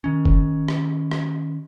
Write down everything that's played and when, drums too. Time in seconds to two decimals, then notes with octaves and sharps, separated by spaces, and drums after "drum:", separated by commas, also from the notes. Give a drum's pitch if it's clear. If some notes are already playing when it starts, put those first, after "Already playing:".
0.04 D#3 C#4
0.25 drum: kick F#1
0.68 drum: rim click
1.11 drum: rim click